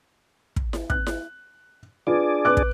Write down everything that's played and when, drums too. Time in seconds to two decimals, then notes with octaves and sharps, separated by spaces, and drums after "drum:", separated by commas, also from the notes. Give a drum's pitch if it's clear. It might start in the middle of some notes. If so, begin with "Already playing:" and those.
0.56 drum: kick
0.73 drum: snare E4
0.90 F#6, drum: kick
1.07 drum: snare E4
2.07 D4 F4 G#4 B4 D5
2.45 B4 D6 F#6
2.57 drum: kick